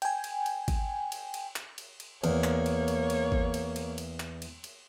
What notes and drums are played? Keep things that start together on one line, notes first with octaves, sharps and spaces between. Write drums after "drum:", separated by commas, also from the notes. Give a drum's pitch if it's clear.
G5 G#5, drum: cymbal
drum: cymbal
drum: cymbal
drum: kick G#1, cymbal
drum: cymbal
drum: cymbal
drum: clap
drum: cymbal
drum: cymbal
E2 A#3 C#5, drum: cymbal
drum: clap
drum: cymbal
drum: cymbal
drum: cymbal
drum: kick G#1
drum: cymbal
drum: cymbal
drum: cymbal
drum: clap
drum: cymbal
drum: cymbal